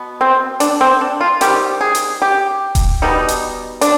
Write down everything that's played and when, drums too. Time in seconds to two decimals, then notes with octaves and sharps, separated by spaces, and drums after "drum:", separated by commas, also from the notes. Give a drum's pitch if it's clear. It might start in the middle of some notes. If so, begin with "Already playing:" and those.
Already playing: B2 B3
0.21 C4
0.60 D4, drum: hi-hat
0.81 C4
1.01 D4
1.21 F4
1.41 D#3 G3 C4 G4, drum: hi-hat
1.81 G#4
1.95 drum: hi-hat
2.22 G4
2.75 drum: kick D#1, hi-hat
3.02 B2 G3 B3 D#4
3.28 drum: hi-hat
3.81 D4, drum: hi-hat